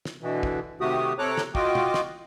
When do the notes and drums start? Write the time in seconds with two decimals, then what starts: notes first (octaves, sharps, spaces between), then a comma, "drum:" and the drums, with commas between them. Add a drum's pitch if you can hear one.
0.05 drum: snare
0.23 B2 D3 E3
0.43 drum: kick
0.81 C3 D#3 A3 F#4 G4 D#6
1.19 C3 A4 C#5 A#5 D6 F#6
1.37 drum: snare
1.55 F4 F#4 D#5 G5 D6, drum: kick
1.75 drum: tom
1.94 drum: snare